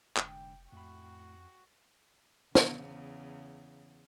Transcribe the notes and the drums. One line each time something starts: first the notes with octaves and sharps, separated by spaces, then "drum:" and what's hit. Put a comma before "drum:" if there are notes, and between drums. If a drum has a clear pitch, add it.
F1 G#2 D3 G5, drum: clap
F2 A2 F#4 B5
E2 C#3, drum: snare